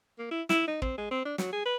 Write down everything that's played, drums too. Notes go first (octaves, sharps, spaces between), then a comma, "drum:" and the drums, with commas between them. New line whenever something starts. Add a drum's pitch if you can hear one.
A#3
E4
E4, drum: snare
D#4
C4, drum: kick
G#3
C4
D4
F#3, drum: snare
G#4
B4